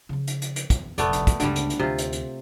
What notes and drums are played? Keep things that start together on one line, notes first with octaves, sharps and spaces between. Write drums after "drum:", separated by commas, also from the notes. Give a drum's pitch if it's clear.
C#3 F3
drum: hi-hat
drum: hi-hat
drum: hi-hat
E2, drum: kick, hi-hat
F1 A#1 A3 B3 D5, drum: hi-hat
drum: hi-hat
drum: kick, hi-hat
C#2 G2 D3 G3, drum: hi-hat
drum: hi-hat
drum: hi-hat
D2 C3 F4
drum: hi-hat
drum: hi-hat